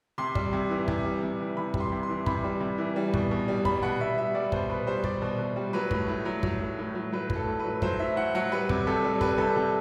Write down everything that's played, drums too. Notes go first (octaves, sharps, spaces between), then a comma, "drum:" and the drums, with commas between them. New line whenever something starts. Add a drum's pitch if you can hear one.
C3 C6
G3, drum: kick
C3
E3
C3, drum: kick
G3
C3
E3
C3 B5
G3, drum: kick
C6
C3
C6
E3
C3 B5, drum: kick
G3
C3
E3
G3
B2, drum: kick
B2
G3
G3 B5, drum: kick
B2 F#5
B2 E5
G3 E5
G3 D5
B2 C5, drum: kick
B2 B4
G3 C5
G3 D5, drum: kick
B2
B2
G3
F#3 B4
A2, drum: kick
A2
F#3
F#3, drum: kick
A2
A2
F#3
F#3 B4
A2, drum: kick
A4
A2
B4
F#3
F#3 C5, drum: kick
A2 E5
A2 F#5
F#3 F#5
G3 B4
C3, drum: kick
C3 A4
G3
G3 B4, drum: kick
C3 A4
C3 A4